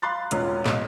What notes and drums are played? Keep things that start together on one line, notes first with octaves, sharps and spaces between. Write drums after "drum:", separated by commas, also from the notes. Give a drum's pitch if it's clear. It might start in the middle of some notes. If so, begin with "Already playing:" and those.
F5 B5 C6 F#6 A6
E1 C#4 F4 F#6, drum: hi-hat
B1, drum: snare